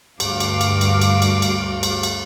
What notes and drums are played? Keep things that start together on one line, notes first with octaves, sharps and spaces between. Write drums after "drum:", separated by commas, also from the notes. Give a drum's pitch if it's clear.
D2 G2 F#4 F5 D6, drum: cymbal
drum: cymbal
drum: cymbal
drum: cymbal
drum: cymbal
drum: cymbal
drum: cymbal
drum: cymbal
drum: cymbal